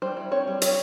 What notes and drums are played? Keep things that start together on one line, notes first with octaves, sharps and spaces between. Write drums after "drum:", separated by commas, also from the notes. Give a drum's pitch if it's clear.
G3 C5
E4
C4 C#5
G3
G3 C#5, drum: hi-hat